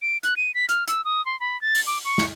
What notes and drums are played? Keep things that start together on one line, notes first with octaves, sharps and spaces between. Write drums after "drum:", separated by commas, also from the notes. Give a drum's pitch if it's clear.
D7
F#6, drum: hi-hat
D#7
B6
F6, drum: hi-hat
E6, drum: hi-hat
D#6
C6
B5
A6
drum: open hi-hat
D6
C#6
drum: snare